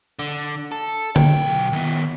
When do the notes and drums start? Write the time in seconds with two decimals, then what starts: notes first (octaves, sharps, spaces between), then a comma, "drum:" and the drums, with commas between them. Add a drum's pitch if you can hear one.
0.19 D3
0.72 A4
1.16 B1 G5, drum: tom D3
1.73 D#3 B3